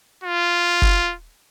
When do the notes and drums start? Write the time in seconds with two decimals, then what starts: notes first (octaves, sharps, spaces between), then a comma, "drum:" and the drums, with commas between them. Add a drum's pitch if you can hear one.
0.24 F4
0.82 drum: kick F#1